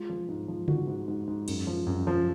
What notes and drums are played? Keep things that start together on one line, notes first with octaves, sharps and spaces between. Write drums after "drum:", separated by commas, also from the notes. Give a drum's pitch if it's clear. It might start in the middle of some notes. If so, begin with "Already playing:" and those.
Already playing: G#3 F4
F3
G#2
F3
G#2 F#4, drum: tom C#3
G#2
G#2
G#2
F#2, drum: cymbal
F3
F#2
F3